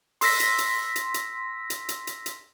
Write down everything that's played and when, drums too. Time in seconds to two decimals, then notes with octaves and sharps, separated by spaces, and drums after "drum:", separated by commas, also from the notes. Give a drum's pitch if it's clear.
0.21 C6 E6 A#6 B6, drum: open hi-hat
0.40 drum: hi-hat
0.58 drum: hi-hat
0.96 drum: hi-hat
1.14 drum: hi-hat
1.70 drum: hi-hat
1.89 drum: hi-hat
2.07 drum: hi-hat
2.26 drum: hi-hat